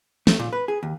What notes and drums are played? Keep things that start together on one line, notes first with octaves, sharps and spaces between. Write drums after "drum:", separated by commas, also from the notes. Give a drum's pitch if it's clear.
A3, drum: snare
A#2
B4
G#4
D#2